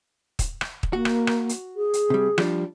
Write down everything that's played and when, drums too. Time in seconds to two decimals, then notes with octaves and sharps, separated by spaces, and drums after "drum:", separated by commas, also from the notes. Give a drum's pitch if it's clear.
0.39 drum: kick, hi-hat
0.61 drum: rim click
0.83 drum: kick
0.93 A#3 F#4
1.05 drum: rim click
1.27 drum: rim click
1.49 drum: hi-hat
1.76 G#4
1.93 drum: hi-hat
2.10 C3 G3
2.38 F3 G3 D4, drum: rim click